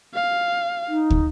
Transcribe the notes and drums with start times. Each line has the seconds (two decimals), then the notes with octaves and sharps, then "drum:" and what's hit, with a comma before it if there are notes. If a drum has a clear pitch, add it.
0.14 F5
0.88 D#4
1.10 drum: kick